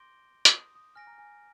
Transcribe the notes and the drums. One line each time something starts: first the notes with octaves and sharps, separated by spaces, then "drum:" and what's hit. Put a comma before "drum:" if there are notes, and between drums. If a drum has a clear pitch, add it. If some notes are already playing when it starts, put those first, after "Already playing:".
Already playing: C6 D6 G6 A#6 D7 G7
drum: hi-hat
D#6
D#6
G#5 F6 A#6 D7
A#5
G#5